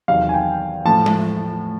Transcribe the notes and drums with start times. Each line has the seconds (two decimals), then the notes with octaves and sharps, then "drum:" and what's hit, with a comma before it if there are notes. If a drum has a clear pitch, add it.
0.08 E2 C3 D#3 F#3 F5
0.29 G#5
0.34 G5
0.85 A2 F3 A5
1.06 drum: tom G#3